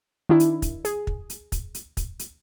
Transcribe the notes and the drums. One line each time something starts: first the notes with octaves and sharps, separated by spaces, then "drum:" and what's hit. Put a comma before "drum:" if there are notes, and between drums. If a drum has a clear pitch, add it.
D#3 D4 E4
drum: hi-hat
drum: kick, hi-hat
G#4, drum: hi-hat
drum: kick
drum: hi-hat
drum: kick, hi-hat
drum: hi-hat
drum: kick, hi-hat
drum: hi-hat